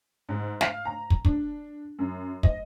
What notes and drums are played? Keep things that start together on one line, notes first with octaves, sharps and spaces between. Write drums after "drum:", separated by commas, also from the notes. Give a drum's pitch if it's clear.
G#2
F5, drum: snare
A#5
drum: kick
D4, drum: kick
F#2
D#5, drum: kick